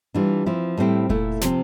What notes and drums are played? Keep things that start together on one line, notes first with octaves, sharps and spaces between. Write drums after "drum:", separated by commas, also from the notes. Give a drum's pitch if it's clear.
E3 G3 D4 F4
F3 C4 E4
A2 G3 C4 E4
A#2 A3 E4, drum: kick F1
C3 F3 C4, drum: snare